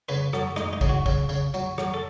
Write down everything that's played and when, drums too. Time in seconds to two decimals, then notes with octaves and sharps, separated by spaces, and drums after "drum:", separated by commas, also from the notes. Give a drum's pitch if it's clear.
0.09 C#3 B4, drum: tambourine
0.33 F#3 A4, drum: rim click
0.56 G#3 D#4, drum: rim click
0.73 D#4
0.81 C#3, drum: kick, tambourine
0.89 F#4
1.06 C#3, drum: kick, tambourine
1.29 C#3, drum: tambourine
1.54 F#3, drum: tambourine
1.78 F#3, drum: rim click
1.94 A4